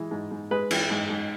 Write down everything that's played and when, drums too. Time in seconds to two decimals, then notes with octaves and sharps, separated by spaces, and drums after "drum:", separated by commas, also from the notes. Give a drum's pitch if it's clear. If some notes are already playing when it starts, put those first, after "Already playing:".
Already playing: E3 G#3
0.11 G#2
0.31 G#2
0.51 G#3 B4
0.71 E3, drum: cymbal
0.90 G#2
1.10 G#2